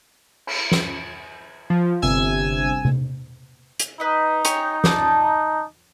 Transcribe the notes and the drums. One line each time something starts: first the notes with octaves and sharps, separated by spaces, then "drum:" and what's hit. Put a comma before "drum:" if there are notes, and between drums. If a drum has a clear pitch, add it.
drum: cymbal
drum: snare
F3
G1 C3 G#5 E6 G#6
drum: tom C3
drum: hi-hat
D#4 B4 D#5
G4 C#5 G#5, drum: hi-hat
D5 A5, drum: snare